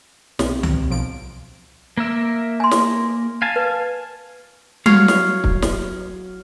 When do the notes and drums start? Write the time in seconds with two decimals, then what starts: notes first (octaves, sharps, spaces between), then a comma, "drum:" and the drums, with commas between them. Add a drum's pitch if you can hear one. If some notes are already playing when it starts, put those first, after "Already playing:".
0.39 B1 C3, drum: snare
0.63 drum: tom C#2
0.90 B1 F3 D7
1.97 A#3 A#4 E5
2.60 G#5 C6
2.71 drum: snare
3.42 F5 G#5 A5
3.56 B4
4.86 F#3 C#5 F5, drum: tom G3
5.08 drum: snare
5.44 drum: kick
5.62 drum: snare